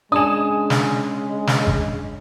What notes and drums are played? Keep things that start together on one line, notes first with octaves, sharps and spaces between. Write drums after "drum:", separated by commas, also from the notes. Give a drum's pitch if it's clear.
C#3 G#3 D4 G#5 D#6 E7
drum: snare
drum: snare
drum: kick G#1